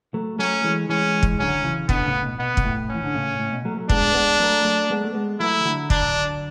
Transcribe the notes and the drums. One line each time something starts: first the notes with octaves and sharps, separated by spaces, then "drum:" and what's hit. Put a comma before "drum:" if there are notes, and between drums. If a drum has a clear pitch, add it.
F#3 A3
F#3 A3 C#4
E3 G#3
E3 G#3 C#4
drum: kick
D3 F#3 C#4
C#3 E3
B2 D3 B3, drum: kick
A2 C#3
B2
B2 B3
B2, drum: kick
A2
E3 C#4
D3
A2 C#3
A2
B2
F#3 A3
F#3 A3
G#3 B3 D4, drum: kick
G#3 B3
F#3 A3
F#3 A3
G#3 B3
A3
G#3 B3
F#3 A3 E4
E3
D3 F#3
D4, drum: kick